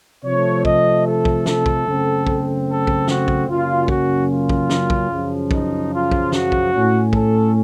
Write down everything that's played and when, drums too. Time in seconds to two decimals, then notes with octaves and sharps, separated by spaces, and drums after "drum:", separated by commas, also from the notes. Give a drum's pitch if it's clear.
0.24 C3 F3 A3 C#5
0.65 D#5, drum: kick
1.05 A4
1.25 drum: kick
1.46 A4, drum: snare
1.66 drum: kick
1.87 F#2 C#3 A3 C4
2.27 drum: kick
2.68 A4
2.87 drum: kick
3.07 F#4, drum: snare
3.28 drum: kick
3.49 F#2 C#3 F#3 A#3 C#4 F4
3.88 F#4, drum: kick
4.30 F4
4.49 drum: kick
4.70 drum: snare
4.90 drum: kick
5.11 F#2 C#3 F3
5.51 D#4, drum: kick
5.92 F4
6.12 drum: kick
6.32 F#4, drum: snare
6.52 drum: kick
6.72 A2 A3 C#4
7.13 A4, drum: kick